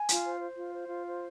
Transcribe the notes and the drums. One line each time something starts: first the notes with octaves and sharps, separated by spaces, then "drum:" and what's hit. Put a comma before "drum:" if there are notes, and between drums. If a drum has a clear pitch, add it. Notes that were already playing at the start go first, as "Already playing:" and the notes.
Already playing: G#5
F4, drum: hi-hat
C5
C5
F4
C5
F4
C5